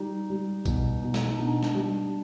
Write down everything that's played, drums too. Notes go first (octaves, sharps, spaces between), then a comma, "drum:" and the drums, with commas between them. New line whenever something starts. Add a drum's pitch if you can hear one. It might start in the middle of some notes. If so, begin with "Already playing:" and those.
Already playing: G3 D#4
G3
B2, drum: kick, tambourine
B2
drum: snare
B2 D4
drum: snare
G3